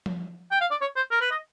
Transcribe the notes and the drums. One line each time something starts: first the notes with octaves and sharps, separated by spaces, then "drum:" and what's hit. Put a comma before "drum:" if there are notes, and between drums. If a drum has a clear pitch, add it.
drum: tom F3
G5
F5
D5
C#5
C5
A#4
B4
D#5